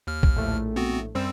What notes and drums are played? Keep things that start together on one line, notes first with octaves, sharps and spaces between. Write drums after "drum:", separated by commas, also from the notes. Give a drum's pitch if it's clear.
D#2 F6
drum: kick B1
A#1 A2 A3
B3 C4 F#4
F#2 G3 C4 C5 E6